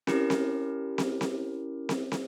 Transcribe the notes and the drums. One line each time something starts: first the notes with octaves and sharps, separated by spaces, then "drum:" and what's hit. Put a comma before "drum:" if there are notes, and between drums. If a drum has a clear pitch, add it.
C#4 E4 G4 A#4, drum: snare
drum: snare
drum: snare
drum: snare
drum: snare
drum: snare